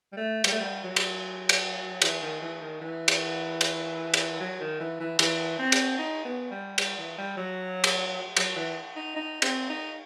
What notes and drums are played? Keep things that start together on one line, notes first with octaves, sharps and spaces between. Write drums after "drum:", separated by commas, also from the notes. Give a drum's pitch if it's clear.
G3
A3
G3, drum: cymbal
A3
G3
F#3
drum: cymbal
drum: cymbal
E3, drum: cymbal
D#3
E3
D#3
E3
drum: cymbal
drum: cymbal
drum: cymbal
F#3
D#3
E3
E3
E3, drum: cymbal
C4
drum: cymbal
D#4
B3
G3
G3, drum: cymbal
E3
G3
F#3
drum: cymbal
F#3, drum: cymbal
E3
D#4
D#4
C4, drum: cymbal
D#4